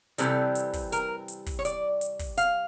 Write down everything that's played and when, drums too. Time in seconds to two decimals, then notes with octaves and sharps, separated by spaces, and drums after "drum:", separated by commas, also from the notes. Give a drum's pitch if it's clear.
0.18 C3 E3 G3 C4 A4, drum: hi-hat
0.55 drum: hi-hat
0.73 drum: kick, open hi-hat
0.92 A#4, drum: hi-hat
1.28 drum: hi-hat
1.46 drum: kick, open hi-hat
1.59 C#5
1.65 D5, drum: hi-hat
2.01 drum: hi-hat
2.19 drum: kick, open hi-hat
2.37 F5, drum: hi-hat